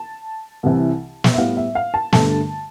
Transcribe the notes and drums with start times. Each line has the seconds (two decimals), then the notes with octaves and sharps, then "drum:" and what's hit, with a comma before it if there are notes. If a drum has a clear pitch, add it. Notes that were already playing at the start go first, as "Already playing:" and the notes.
Already playing: A5
0.63 C2 C3 E3
1.24 drum: snare
1.34 E5
1.38 A2 G3 B3 F5
1.57 E5
1.75 F5
1.94 A5
2.13 G2 D3 A3 A5, drum: snare